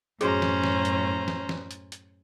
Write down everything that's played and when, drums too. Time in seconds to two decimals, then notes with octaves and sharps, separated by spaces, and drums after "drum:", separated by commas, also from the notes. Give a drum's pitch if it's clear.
0.21 F#2 A2 C#4 F#4 G#4 C5 A#5, drum: hi-hat
0.42 drum: snare
0.64 drum: snare
0.85 drum: hi-hat
1.28 drum: snare
1.49 drum: snare
1.71 drum: hi-hat
1.92 drum: hi-hat